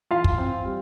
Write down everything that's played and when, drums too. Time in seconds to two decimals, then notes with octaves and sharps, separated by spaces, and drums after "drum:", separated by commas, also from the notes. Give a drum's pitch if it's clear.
0.11 E3 F4 F5
0.24 drum: kick
0.38 C4
0.65 G3